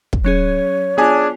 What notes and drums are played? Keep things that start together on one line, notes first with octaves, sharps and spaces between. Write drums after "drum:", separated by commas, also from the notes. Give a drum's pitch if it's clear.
drum: kick
F#3 C#4 G#4 C#5
B3 D4 F4 G#4 G#5